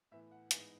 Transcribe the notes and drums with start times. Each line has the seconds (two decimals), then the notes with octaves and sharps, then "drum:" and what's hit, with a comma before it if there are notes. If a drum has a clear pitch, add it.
0.12 A2 E3 B3 E5
0.31 F#5
0.51 G#2 E3 B3 D#4 G#5, drum: hi-hat